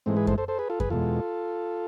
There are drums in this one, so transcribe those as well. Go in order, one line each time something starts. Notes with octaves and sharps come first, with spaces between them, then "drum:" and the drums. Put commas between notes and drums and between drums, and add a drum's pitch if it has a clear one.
G#2 E3 G#3 A3 C4
G#4 B4
A4 C5, drum: kick F#2
A4 C5
A4 C5
G#4 B4
F4 A4
G#4 B4, drum: kick F#2
E2 B2 G#3 F4 A4